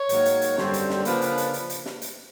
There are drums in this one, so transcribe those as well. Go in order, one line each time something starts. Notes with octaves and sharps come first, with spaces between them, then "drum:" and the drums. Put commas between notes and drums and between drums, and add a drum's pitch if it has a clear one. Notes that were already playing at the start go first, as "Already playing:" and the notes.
Already playing: C#5
G#2 D#3 F#3 A#3, drum: hi-hat
drum: hi-hat
drum: hi-hat
F#2 D3 G3 C4 C5, drum: snare
drum: hi-hat
drum: snare
C#3 F3 A#3 D4 B4, drum: hi-hat
drum: hi-hat
drum: hi-hat
drum: hi-hat
drum: hi-hat
drum: snare
drum: hi-hat